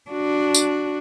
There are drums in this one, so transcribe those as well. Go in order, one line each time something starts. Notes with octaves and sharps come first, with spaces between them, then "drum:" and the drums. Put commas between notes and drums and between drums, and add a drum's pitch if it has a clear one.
D4 F#4
drum: tambourine